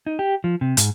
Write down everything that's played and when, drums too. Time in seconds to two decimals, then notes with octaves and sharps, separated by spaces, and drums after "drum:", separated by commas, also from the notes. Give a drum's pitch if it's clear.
0.06 D#4
0.19 G4
0.44 F3
0.61 C3
0.77 G#2, drum: hi-hat